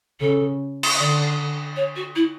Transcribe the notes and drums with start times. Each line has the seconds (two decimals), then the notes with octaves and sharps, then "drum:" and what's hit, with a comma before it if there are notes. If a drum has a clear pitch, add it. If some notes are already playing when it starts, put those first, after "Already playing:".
0.21 C#3 A4
0.83 drum: cymbal
0.94 E5
0.98 D3 D5
1.76 C#5
1.96 F#4
2.15 E4